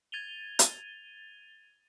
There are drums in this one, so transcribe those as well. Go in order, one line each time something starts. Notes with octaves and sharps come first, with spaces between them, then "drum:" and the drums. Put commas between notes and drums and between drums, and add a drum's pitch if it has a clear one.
G#6 A6 D#7 F7 G7
drum: hi-hat